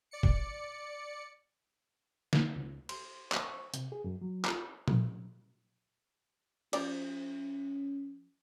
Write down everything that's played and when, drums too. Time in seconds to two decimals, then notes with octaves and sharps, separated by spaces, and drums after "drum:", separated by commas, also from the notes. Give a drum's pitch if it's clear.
0.11 D5 C#7
0.23 drum: kick G#1
2.33 drum: snare
2.56 C#2
2.89 C6, drum: cymbal
3.32 drum: clap
3.43 C#6
3.74 C3, drum: hi-hat
3.92 G#4
4.04 F#2
4.21 F#3
4.45 F4, drum: clap
4.88 drum: tom A#2
6.73 F3 C#4 D5, drum: cymbal